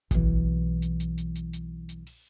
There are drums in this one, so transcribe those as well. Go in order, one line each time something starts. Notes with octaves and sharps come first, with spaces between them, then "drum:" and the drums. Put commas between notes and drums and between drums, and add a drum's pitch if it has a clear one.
B1 E3, drum: kick G#1, hi-hat
drum: hi-hat
drum: hi-hat
drum: hi-hat
drum: hi-hat
drum: hi-hat
drum: hi-hat
drum: open hi-hat